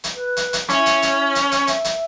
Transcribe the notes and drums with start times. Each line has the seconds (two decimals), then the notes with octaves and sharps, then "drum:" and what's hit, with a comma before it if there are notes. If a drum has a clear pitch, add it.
0.04 drum: hi-hat
0.15 B4
0.37 drum: hi-hat
0.53 drum: hi-hat
0.69 C#4 E4, drum: hi-hat
0.86 drum: hi-hat
1.02 drum: hi-hat
1.35 drum: hi-hat
1.52 drum: hi-hat
1.67 E5, drum: hi-hat
1.84 drum: hi-hat